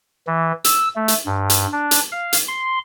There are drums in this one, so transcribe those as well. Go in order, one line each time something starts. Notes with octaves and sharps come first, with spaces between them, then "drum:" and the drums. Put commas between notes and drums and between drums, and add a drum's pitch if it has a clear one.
E3
E6, drum: hi-hat
A3
drum: hi-hat
G2
drum: hi-hat
D4
drum: hi-hat
F5
drum: hi-hat
C6